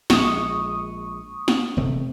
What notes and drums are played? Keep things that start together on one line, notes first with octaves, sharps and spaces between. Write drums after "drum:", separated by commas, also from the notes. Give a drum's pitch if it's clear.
A#1 G#3 C#6 D#6, drum: snare
drum: snare
E1 C3 A3